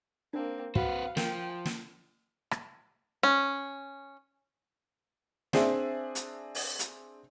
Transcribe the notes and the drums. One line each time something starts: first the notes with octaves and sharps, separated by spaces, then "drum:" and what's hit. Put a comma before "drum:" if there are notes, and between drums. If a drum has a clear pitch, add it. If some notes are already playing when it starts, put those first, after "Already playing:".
A#3 C4 D4
C4 F#4 B4 F5 F#5, drum: kick
F3 A#4 G5, drum: snare
drum: snare
drum: rim click
C#4
C4 D4 G#4 E5, drum: snare
drum: hi-hat
drum: open hi-hat
drum: hi-hat